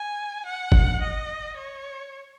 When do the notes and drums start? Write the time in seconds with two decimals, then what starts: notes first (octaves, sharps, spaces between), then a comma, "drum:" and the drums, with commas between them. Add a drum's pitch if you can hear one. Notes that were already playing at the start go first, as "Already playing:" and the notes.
Already playing: G#5
0.45 F#5
0.72 drum: kick G1
1.01 D#5
1.56 C#5